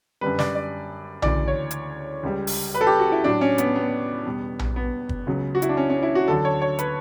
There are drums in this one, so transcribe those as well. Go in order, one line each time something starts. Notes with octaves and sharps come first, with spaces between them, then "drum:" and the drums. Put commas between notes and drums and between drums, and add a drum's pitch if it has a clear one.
F#2 D3 G3 B4
D5, drum: snare
D5
D2 C#3 E3 D5, drum: tom A#1
C#5
drum: hi-hat
C#2 C#3 G3
drum: open hi-hat
B4
A4
G4
F#4
E4
A2 F#3 D4
C#4
B3, drum: hi-hat
B3
E2 B2 G3
drum: tom A#1
B3
drum: kick
C#2 C#3 F#3
F#4
E4, drum: hi-hat
D4
C#4
C#4
E4
F#4
D2 D3 F#3 A4
C#5
C#5
B4, drum: hi-hat